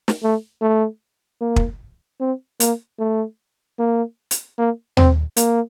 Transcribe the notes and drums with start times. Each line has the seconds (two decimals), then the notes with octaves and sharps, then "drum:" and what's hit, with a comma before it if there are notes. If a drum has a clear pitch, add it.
0.08 drum: snare
0.23 A3
0.62 A3
1.41 A#3
1.56 drum: kick
2.20 C4
2.60 A#3, drum: hi-hat
2.99 A3
3.79 A#3
4.31 drum: hi-hat
4.58 A#3
4.97 C4, drum: tom D#2
5.37 A#3, drum: hi-hat